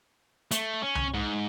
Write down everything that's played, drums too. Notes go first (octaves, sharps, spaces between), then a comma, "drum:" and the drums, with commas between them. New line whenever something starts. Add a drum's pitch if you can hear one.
A3, drum: hi-hat
C#4
drum: tom C2
G#2